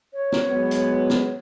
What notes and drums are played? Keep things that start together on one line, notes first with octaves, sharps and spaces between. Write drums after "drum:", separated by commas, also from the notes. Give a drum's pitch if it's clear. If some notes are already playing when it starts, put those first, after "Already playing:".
C#5
drum: snare
F#3 G#3 B3
drum: hi-hat
drum: snare